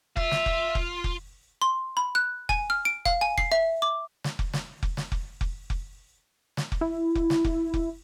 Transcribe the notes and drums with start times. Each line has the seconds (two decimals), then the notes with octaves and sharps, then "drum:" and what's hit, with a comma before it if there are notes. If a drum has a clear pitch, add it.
0.17 F4 E5, drum: kick F1
0.31 drum: snare
0.46 drum: kick F1
0.75 drum: kick F1
1.04 drum: kick F1
1.62 C6
1.97 B5
2.15 F#6
2.49 G#5, drum: kick F1
2.70 F6
2.85 D7
3.05 F5, drum: kick F1
3.21 G#5
3.38 C7, drum: kick F1
3.52 E5
3.82 D6
4.24 drum: snare
4.39 drum: kick F1
4.53 drum: snare
4.83 drum: kick F1
4.97 drum: snare
5.12 drum: kick F1
5.41 drum: kick F1
5.70 drum: kick F1
6.57 drum: snare
6.72 drum: kick F1
6.81 E4
7.15 drum: kick F1
7.30 drum: snare
7.45 drum: kick F1
7.74 drum: kick F1